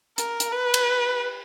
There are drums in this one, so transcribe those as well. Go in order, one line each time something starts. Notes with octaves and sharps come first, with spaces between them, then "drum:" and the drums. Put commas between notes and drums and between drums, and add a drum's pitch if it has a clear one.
A#4, drum: hi-hat
drum: hi-hat
B4
drum: cymbal